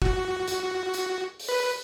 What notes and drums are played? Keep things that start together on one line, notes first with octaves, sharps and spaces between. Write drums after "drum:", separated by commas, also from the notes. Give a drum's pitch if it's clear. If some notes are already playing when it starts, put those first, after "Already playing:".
F#4, drum: kick
drum: hi-hat
drum: hi-hat
drum: open hi-hat
B4